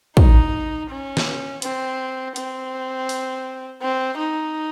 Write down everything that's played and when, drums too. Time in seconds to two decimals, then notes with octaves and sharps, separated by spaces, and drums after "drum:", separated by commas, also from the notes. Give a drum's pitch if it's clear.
0.17 D#4, drum: kick
0.90 C#4
1.17 drum: snare
1.62 C4, drum: hi-hat
2.36 C4, drum: hi-hat
3.09 drum: open hi-hat
3.82 C4
4.18 D#4